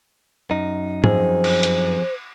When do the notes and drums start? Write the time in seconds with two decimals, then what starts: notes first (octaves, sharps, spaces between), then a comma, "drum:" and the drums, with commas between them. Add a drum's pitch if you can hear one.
0.51 F#2 D#4
1.04 F2 G#4 C5, drum: tom
1.44 drum: cymbal
1.63 drum: hi-hat